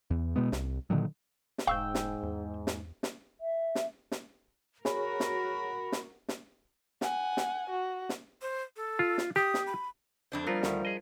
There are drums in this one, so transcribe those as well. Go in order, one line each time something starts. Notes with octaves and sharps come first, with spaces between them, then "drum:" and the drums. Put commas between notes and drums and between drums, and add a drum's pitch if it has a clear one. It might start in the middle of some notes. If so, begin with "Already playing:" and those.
E2
B2 G#3 B3
C2, drum: snare
A#2 D3 D#3 F#3
drum: snare
E1 G#2 F5 G5 C#6 E6 G6
drum: snare
E2
drum: snare
drum: snare
E5
drum: snare
drum: snare
F#4 G#4 A#4 C#5 B5, drum: snare
drum: snare
drum: snare
drum: snare
F#5 G#5, drum: snare
drum: snare
F#4
drum: snare
C5
A4
F4
drum: snare
G4 D#6
drum: snare
B5
F2 D4 C5
F3 G3 B3 C4 F4 A#4
D2 D#3, drum: snare
G#4 D#5